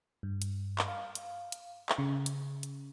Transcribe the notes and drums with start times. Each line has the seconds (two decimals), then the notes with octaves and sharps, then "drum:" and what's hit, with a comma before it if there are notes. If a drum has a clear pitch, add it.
0.23 G2
0.42 drum: hi-hat
0.79 drum: clap
0.88 F5
1.15 drum: hi-hat
1.52 drum: hi-hat
1.89 drum: clap
1.98 C#3
2.26 drum: hi-hat
2.63 drum: hi-hat